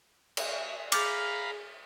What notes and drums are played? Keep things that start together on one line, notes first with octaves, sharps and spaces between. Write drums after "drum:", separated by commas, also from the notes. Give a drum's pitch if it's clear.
drum: cymbal
G#4 F5 A#5 B5 D6 F6 G6 A6, drum: cymbal